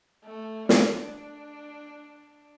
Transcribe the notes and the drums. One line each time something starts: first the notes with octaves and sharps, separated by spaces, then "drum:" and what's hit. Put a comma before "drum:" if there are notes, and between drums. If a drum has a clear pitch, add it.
A3
D4, drum: snare